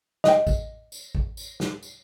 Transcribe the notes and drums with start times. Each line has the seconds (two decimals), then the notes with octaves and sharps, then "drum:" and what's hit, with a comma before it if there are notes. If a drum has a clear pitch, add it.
0.24 D#5 G5, drum: snare
0.47 drum: kick A1, tambourine
0.92 drum: tambourine
1.15 drum: kick A1
1.37 drum: tambourine
1.60 drum: snare
1.83 drum: tambourine